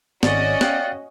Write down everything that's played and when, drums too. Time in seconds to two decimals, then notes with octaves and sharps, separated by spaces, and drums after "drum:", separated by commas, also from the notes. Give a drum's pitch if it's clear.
0.23 G#1 C#4 F#4 D5 D#5, drum: snare
0.61 F5 G5 F#6, drum: snare